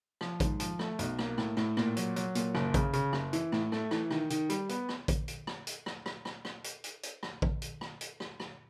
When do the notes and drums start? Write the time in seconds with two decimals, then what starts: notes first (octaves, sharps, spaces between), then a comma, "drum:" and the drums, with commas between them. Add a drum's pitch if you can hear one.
0.21 F3, drum: rim click
0.40 G#2, drum: kick A1, hi-hat
0.60 F3, drum: hi-hat
0.79 A3, drum: rim click
0.99 B1, drum: hi-hat
1.19 A#3, drum: rim click
1.38 A2, drum: rim click
1.57 A2, drum: rim click
1.77 A#2, drum: rim click
1.97 F#3, drum: hi-hat
2.16 F#3, drum: hi-hat
2.35 A#2, drum: hi-hat
2.55 F#1, drum: rim click
2.74 C#3, drum: kick A1, hi-hat
2.93 C#3, drum: hi-hat
3.13 F#1, drum: rim click
3.33 E3, drum: hi-hat
3.52 A2, drum: rim click
3.72 A3, drum: rim click
3.91 E3, drum: rim click
4.11 D#3, drum: rim click
4.30 D#3, drum: hi-hat
4.50 G3, drum: hi-hat
4.69 B3, drum: hi-hat
4.89 drum: rim click
5.08 drum: kick A1, hi-hat
5.28 drum: hi-hat
5.47 drum: rim click
5.67 drum: hi-hat
5.86 drum: rim click
6.06 drum: rim click
6.25 drum: rim click
6.45 drum: rim click
6.64 drum: hi-hat
6.84 drum: hi-hat
7.03 drum: hi-hat
7.23 drum: rim click
7.42 drum: kick A1
7.62 drum: hi-hat
7.81 drum: rim click
8.01 drum: hi-hat
8.20 drum: rim click
8.40 drum: rim click